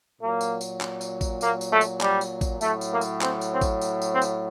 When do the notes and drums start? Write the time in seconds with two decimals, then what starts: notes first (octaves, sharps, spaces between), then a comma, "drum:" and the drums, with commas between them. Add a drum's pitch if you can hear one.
0.21 A#2 F#3 A#3
0.41 drum: tambourine
0.61 drum: tambourine
0.81 drum: clap
1.01 drum: tambourine
1.21 drum: kick A1, tambourine
1.41 A#3, drum: tambourine
1.61 drum: tambourine
1.71 A3
1.81 drum: tambourine
2.01 G3, drum: clap
2.21 drum: tambourine
2.41 drum: kick A1, tambourine
2.61 A2 F#3 A3, drum: tambourine
2.81 drum: tambourine
2.91 A#3
3.01 drum: tambourine
3.21 C4, drum: clap
3.41 drum: tambourine
3.51 C4
3.61 drum: kick A1, tambourine
3.81 drum: tambourine
4.02 drum: tambourine
4.12 C4
4.22 drum: tambourine